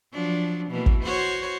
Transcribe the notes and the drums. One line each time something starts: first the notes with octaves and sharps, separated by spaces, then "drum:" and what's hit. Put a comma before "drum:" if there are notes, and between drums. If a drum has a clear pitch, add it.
F3 F#3 D4
B2 E3 A#3
drum: kick
F#4 C5 C#5